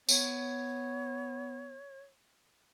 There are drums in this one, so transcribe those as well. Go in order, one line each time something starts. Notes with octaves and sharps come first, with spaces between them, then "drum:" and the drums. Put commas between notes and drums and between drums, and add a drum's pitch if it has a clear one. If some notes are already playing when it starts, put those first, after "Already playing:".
B3 C#5, drum: tambourine